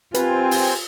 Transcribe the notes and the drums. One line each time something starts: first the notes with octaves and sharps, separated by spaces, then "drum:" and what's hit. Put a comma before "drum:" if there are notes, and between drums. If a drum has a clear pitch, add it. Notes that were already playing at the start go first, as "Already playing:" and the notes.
C4 F4 G4 A#4 B4 G#5, drum: hi-hat
drum: open hi-hat